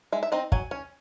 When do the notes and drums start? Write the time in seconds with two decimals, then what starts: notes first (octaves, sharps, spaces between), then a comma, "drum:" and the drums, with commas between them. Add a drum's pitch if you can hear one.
0.12 G#3 E5
0.23 E5
0.32 C4 D#4 D#5
0.52 F#3 G#5, drum: kick
0.71 C#4